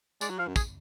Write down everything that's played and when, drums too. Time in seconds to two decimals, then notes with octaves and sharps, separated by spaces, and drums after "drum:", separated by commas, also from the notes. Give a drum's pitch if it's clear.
0.21 G#3 D5, drum: tambourine
0.30 F#3
0.39 F3 F5
0.47 F#2
0.56 G#4, drum: kick, tambourine